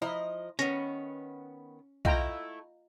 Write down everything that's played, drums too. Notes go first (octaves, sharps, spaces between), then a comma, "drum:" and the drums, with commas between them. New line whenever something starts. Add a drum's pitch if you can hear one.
F3 E4 D#5 A#5
D#3 B3 C#4 A#6, drum: hi-hat
A3 E4 F4 D#5 G5 A#5, drum: kick B1